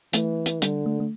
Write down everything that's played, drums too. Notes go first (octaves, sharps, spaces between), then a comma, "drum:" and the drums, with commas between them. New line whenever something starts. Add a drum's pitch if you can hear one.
E3 A3, drum: hi-hat
drum: hi-hat
D3 G3, drum: hi-hat
A3
A3